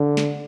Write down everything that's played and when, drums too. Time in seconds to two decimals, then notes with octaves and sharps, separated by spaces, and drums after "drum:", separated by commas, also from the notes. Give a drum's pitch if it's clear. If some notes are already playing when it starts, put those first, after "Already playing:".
Already playing: D3
0.17 drum: snare